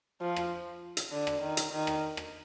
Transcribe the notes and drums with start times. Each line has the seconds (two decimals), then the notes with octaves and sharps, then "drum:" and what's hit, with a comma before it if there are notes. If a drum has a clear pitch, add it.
0.21 F3
0.36 drum: rim click
0.97 drum: hi-hat
1.12 D3
1.27 drum: rim click
1.42 D#3
1.57 drum: hi-hat
1.72 D#3
1.87 drum: rim click
2.17 drum: rim click